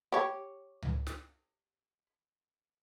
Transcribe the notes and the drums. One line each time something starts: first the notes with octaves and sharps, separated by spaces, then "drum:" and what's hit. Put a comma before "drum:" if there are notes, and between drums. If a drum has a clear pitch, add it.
G4 C#5
drum: tom C#2
drum: snare